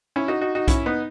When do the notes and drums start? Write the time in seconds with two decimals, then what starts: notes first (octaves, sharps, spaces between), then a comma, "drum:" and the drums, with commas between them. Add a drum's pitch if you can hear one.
0.16 C#4 E4
0.28 D#4 F#4
0.41 D#4 F#4
0.55 D#4 F#4
0.68 C#4 E4, drum: kick B1, hi-hat
0.86 B3 D#4